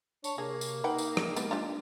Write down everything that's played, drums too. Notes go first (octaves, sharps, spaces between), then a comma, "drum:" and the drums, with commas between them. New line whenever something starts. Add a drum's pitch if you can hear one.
D4 C#5, drum: tambourine
C3 A#3 G#4
drum: tambourine
D#4 B4 F#5 G5
drum: tambourine
drum: rim click
G#3 B3 G4, drum: tambourine
D4 F4 G4